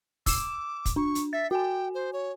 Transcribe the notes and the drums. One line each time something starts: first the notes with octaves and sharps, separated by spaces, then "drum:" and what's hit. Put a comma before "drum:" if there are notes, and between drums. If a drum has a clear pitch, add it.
D6 E6 E7, drum: kick, open hi-hat
drum: kick, hi-hat
D4 C#6
drum: hi-hat
E5 A6
F#4 G5 G#5
C5
C#5